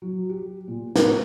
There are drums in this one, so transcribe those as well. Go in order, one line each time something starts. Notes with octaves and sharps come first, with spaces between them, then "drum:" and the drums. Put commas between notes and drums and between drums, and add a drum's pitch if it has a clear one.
F#3
G4
A#2
A2, drum: snare